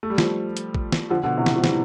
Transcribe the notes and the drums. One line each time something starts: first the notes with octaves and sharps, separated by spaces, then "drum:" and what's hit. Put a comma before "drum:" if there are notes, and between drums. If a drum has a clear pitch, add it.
A3
G3
F3 A3, drum: snare
drum: hi-hat
drum: kick
drum: snare
D3 F3
B2 D3
A2 C3
drum: snare
F3
E3 G3, drum: snare